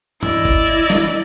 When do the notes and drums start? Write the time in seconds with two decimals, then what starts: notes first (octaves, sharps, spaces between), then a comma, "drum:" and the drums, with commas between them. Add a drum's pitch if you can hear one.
0.23 E4 D5 D#5, drum: tom
0.45 drum: kick G1, hi-hat
0.90 drum: snare